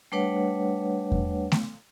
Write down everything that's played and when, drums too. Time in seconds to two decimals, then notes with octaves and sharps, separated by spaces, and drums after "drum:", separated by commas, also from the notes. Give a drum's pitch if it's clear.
0.12 G3 A3 D4 B4 C#5 F#5
1.12 drum: kick E2
1.52 drum: snare A3